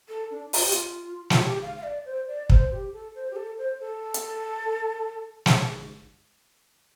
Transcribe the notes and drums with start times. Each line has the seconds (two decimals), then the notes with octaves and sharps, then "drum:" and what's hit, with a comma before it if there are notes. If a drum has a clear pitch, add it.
0.09 A4
0.31 D4
0.53 F4, drum: open hi-hat
0.62 G4
0.72 F4, drum: hi-hat
1.30 F4, drum: snare
1.40 G4
1.62 F5
1.77 F5
1.83 D5
2.05 C5
2.28 D5
2.50 C5, drum: kick
2.71 G4
2.93 A4
3.15 C5
3.31 G4
3.36 A4
3.58 C5
3.80 A4
4.14 drum: hi-hat
5.46 drum: snare